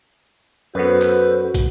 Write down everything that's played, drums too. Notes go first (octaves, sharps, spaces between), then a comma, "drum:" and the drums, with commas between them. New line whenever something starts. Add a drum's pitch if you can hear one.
F#2 B3 F#4 A4 B4 C5
drum: clap
drum: kick, hi-hat